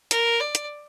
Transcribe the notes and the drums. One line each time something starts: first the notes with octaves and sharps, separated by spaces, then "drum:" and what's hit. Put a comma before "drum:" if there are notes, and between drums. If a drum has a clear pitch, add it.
A#4, drum: hi-hat
D5
drum: hi-hat